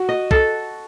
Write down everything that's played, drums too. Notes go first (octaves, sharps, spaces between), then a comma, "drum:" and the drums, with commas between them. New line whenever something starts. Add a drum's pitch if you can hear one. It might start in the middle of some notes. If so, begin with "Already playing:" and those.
Already playing: F#4
D#5
A4, drum: kick